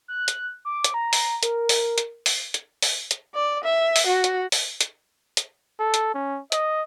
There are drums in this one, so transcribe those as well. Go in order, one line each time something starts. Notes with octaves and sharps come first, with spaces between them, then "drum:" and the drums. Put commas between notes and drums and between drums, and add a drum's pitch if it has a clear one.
F#6
drum: hi-hat
D6
drum: hi-hat
A#5
drum: open hi-hat
A#4, drum: hi-hat
drum: open hi-hat
drum: hi-hat
drum: open hi-hat
drum: hi-hat
drum: open hi-hat
drum: hi-hat
D5
E5
drum: open hi-hat
F#4
drum: hi-hat
drum: open hi-hat
drum: hi-hat
drum: hi-hat
A4
drum: hi-hat
C#4
D#5, drum: hi-hat